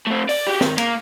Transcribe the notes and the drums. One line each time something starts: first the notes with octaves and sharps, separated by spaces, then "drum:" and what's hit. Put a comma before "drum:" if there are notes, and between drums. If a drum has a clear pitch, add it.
A3 C4
D5, drum: open hi-hat
F#4 G4
D#3, drum: snare C4
A#3, drum: cymbal